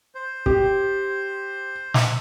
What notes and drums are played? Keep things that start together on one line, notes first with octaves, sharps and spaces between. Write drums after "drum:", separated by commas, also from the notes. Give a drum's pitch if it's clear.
C5
G4, drum: kick
drum: snare